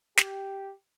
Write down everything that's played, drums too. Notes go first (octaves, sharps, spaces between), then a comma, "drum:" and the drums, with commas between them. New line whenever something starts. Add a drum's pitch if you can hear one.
G4, drum: snare